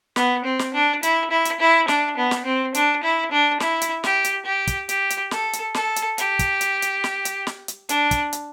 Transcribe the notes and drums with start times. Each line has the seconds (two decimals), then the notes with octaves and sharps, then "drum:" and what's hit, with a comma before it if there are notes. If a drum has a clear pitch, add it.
0.16 B3, drum: snare
0.44 C4
0.59 drum: snare
0.74 D4
1.03 E4, drum: hi-hat
1.31 E4
1.45 drum: hi-hat
1.60 E4
1.88 D4, drum: snare
2.17 B3
2.31 drum: snare
2.45 C4
2.74 D4, drum: hi-hat
3.03 E4
3.32 D4
3.60 E4, drum: snare
3.82 drum: hi-hat
4.04 G4, drum: snare
4.24 drum: hi-hat
4.45 G4
4.67 drum: kick, hi-hat
4.89 G4, drum: hi-hat
5.10 drum: hi-hat
5.31 A4, drum: snare
5.53 drum: hi-hat
5.74 A4, drum: snare
5.96 drum: hi-hat
6.18 G4, drum: hi-hat
6.39 drum: kick, hi-hat
6.61 drum: hi-hat
6.82 drum: hi-hat
7.04 drum: snare
7.25 drum: hi-hat
7.47 drum: snare
7.68 drum: hi-hat
7.89 D4, drum: hi-hat
8.11 drum: kick, hi-hat
8.33 drum: hi-hat